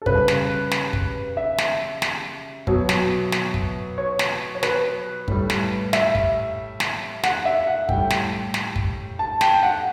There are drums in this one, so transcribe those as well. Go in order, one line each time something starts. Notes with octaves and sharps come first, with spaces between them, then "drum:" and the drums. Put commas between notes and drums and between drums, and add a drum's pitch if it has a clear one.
A4
C#3 G3 B4, drum: kick
drum: snare
drum: snare
drum: kick
E5
drum: snare
drum: snare
B2 F#3, drum: kick
drum: snare
drum: snare
drum: kick
C#5
drum: snare
C#5
B4, drum: snare
A2 G3, drum: kick
drum: snare
E5, drum: snare
drum: kick
drum: snare
F#5, drum: snare
E5
F#5
A2 G3 G5, drum: kick
drum: snare
drum: snare
drum: kick
A5
G5, drum: snare
F#5